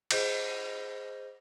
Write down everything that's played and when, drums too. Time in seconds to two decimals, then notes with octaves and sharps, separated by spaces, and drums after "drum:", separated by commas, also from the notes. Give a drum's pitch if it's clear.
0.11 G#4 C5 D#5 G6, drum: cymbal